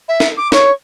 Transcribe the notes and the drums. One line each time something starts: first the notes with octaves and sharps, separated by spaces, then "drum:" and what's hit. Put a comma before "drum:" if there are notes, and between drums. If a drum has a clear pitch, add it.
E5
drum: snare
D6
C#5, drum: snare